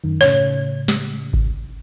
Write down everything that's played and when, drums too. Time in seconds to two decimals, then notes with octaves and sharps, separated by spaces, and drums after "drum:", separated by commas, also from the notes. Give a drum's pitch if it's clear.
0.04 F#2 D#3
0.21 A2 C#3 C#5
0.88 drum: snare
1.33 drum: kick G#1